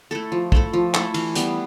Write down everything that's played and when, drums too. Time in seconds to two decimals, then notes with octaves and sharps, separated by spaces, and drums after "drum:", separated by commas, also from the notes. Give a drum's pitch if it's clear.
0.11 A3 E4 A4
0.32 F3
0.52 A3 E4 A4, drum: kick
0.73 F3
0.94 A3 E4 A4, drum: clap
1.14 E3, drum: cymbal
1.35 G3 B3, drum: hi-hat